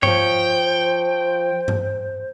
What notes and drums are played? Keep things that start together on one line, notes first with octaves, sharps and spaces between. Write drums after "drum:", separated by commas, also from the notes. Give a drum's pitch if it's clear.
F3 C5 C#5 G5, drum: tom G2
drum: tom G2